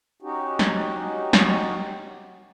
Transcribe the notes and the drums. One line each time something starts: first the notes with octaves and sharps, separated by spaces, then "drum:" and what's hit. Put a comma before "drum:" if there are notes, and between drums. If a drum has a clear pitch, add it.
C#4 D#4 F#4 G4
drum: snare
drum: snare